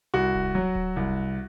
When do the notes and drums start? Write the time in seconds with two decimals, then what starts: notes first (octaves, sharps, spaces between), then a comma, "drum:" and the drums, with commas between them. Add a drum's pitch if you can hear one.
0.14 C2 F#4
0.34 drum: kick D1
0.55 F#3
0.75 drum: kick D1
0.96 C2